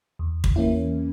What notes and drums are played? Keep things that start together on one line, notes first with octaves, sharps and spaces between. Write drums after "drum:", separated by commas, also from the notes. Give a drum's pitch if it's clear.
E2
drum: kick
E3 A#3 C#4 E4